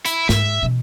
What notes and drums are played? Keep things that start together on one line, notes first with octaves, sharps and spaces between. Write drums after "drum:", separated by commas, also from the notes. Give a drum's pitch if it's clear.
E4, drum: hi-hat
G#2 E5, drum: snare
B2 E3